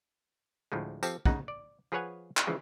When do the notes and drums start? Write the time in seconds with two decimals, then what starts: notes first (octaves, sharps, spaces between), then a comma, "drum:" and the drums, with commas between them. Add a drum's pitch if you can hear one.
0.72 D2 A2 F3 G#3
1.03 F3 C4 G4 A4, drum: tambourine
1.25 C#3 D#4 F#5, drum: kick
1.48 D5
1.92 F3 G#4 B4 C#5 F#5 G#5
2.37 drum: clap
2.47 C#3 E3 F3 G#3